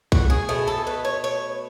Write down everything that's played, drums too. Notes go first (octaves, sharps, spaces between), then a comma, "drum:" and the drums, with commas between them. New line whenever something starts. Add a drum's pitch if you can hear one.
F#4, drum: kick B1
G#4
B2 A3 G#4
A4
B4
C#5
C#5